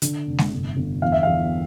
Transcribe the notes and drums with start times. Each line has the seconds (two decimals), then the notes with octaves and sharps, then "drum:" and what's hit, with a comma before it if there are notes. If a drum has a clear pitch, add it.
0.02 D3, drum: hi-hat
0.27 F1
0.38 drum: snare G#3
0.52 G1
0.77 G1
1.02 E2 F5
1.12 E5
1.23 E2 F5